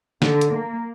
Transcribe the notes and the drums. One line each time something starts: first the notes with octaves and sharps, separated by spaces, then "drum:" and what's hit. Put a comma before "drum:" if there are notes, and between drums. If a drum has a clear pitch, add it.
D3, drum: snare
drum: hi-hat
A#3